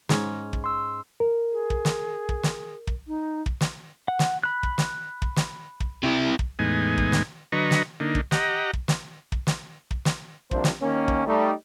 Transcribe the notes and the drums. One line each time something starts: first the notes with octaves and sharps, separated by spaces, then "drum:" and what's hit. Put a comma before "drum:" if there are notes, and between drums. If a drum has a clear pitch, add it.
G#2 C#4, drum: snare
drum: kick
C6 E6
A#4
G#4
drum: kick
drum: snare
drum: kick
drum: snare
drum: kick
D#4
drum: kick
drum: snare
F#5
drum: snare
B5 F#6
drum: kick
drum: snare
drum: kick
drum: snare
drum: kick
C3 E4
drum: kick
E2 A2 G#3 B3 D#4 G#5
drum: kick
drum: snare
D3 F#3 B4 D#5 A#5 C#6
drum: snare
D3 A#3 D#4
drum: kick
G4 D#5 F#5 A#5, drum: snare
drum: kick
drum: snare
drum: kick
drum: snare
drum: kick
drum: snare
C2 C3 F3 A#3 D4 C5, drum: kick
drum: snare
D#2 D#3 A#3 C#4
drum: kick
G3 A3 D#4